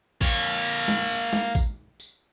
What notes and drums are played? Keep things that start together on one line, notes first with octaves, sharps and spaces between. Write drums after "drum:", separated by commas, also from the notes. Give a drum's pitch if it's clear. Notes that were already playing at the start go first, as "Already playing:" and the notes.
A#3 C#5, drum: kick A1, tambourine
drum: tambourine
drum: snare
drum: tambourine
drum: snare
drum: kick A1, tambourine
drum: tambourine